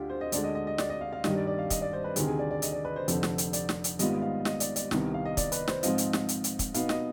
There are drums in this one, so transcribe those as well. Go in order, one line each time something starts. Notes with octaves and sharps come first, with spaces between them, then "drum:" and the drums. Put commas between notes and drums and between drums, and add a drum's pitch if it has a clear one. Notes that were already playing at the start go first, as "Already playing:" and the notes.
Already playing: D2 D3 F4 G4
C5
D#5
D2 D3 G#3 D5, drum: hi-hat
D#5
D#5
D#5
D5, drum: snare
D#5
F5
F5
G2 D#3 G3 D#5, drum: snare
D5
D5
F5
D#5, drum: kick, hi-hat
D5
C5
B4
D2 C3 D#3 G#4, drum: hi-hat
G#4
D5
D5
D#5, drum: hi-hat
D5
B4
C5
F1 F2 D3, drum: hi-hat
drum: snare
drum: hi-hat
D5, drum: hi-hat
drum: snare
drum: hi-hat
G#1 G#2 G3 B3 F4 D#5, drum: hi-hat
F5
D#5, drum: snare
D5, drum: hi-hat
D5, drum: hi-hat
C2 C3 D#3 B3, drum: snare
F5
D#5
D5, drum: kick, hi-hat
B4, drum: hi-hat
C5, drum: snare
G#2 F3 C4 F4 D#5, drum: hi-hat
drum: hi-hat
drum: snare
drum: hi-hat
drum: hi-hat
drum: kick, hi-hat
B2 B3 D#4 F5, drum: hi-hat
D#5, drum: snare